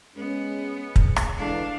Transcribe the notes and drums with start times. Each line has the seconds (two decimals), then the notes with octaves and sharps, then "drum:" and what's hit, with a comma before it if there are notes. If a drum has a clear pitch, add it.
0.16 G#3 B3 C#4
0.96 drum: kick
1.16 drum: rim click
1.37 D3 E3 G#3 D4 F5